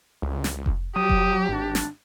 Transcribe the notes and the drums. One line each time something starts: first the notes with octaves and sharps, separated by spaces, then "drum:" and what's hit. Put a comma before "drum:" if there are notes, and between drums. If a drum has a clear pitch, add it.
C#2
drum: snare
drum: kick F1
F#3 G4 D#6
drum: kick F1
G#1 D4
drum: snare